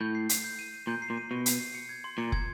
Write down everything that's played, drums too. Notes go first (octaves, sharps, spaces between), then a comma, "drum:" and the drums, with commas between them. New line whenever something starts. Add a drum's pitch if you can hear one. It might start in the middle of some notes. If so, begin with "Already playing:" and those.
A2 G6
C7
C7, drum: hi-hat
G6
D#7
D#7
A#2 G6
C7
A#2
D#7
B2 D#7
C7, drum: hi-hat
C7
C#7
G#6
C6
A#2 C#7
G#6, drum: kick